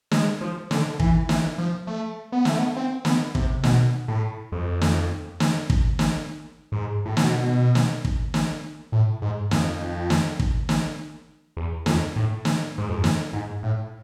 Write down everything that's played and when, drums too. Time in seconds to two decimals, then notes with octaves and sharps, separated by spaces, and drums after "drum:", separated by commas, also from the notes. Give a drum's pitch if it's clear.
0.11 G#3, drum: snare
0.41 F3
0.71 D3, drum: snare
0.99 E3, drum: kick
1.29 E3, drum: snare
1.58 F3
1.87 A3
2.32 B3
2.45 A3, drum: snare
2.58 B3
2.76 C4
3.05 B3, drum: snare
3.35 C3, drum: kick
3.64 B2, drum: snare
4.08 A2
4.52 F2
4.81 drum: snare
5.40 drum: snare
5.70 drum: kick
5.99 drum: snare
6.72 G#2
7.06 A2
7.17 B2, drum: snare
7.75 drum: snare
8.05 drum: kick
8.34 drum: snare
8.92 A2
9.22 G#2
9.51 F2, drum: snare
10.10 drum: snare
10.39 drum: kick
10.69 drum: snare
11.57 E2
11.86 F2, drum: snare
12.16 A2
12.45 drum: snare
12.78 G#2
12.89 F2
13.04 drum: snare
13.33 G#2
13.63 A2